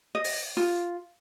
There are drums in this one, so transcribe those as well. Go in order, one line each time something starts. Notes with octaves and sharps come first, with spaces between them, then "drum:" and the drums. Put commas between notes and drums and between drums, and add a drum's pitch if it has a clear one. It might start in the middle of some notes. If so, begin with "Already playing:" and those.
D#5
drum: open hi-hat
F4